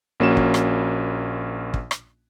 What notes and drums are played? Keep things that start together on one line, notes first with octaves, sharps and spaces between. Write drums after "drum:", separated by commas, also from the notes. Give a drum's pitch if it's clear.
A#1 A#3 C#4 F#4 E7
drum: kick
drum: rim click
drum: kick
drum: rim click